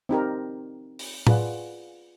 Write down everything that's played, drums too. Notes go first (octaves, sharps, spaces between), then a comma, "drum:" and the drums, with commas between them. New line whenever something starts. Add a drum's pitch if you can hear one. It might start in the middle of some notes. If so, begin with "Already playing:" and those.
C4 D#4 G4 A#4
drum: open hi-hat
F4 G#4 B4 D5 F#5, drum: tom A2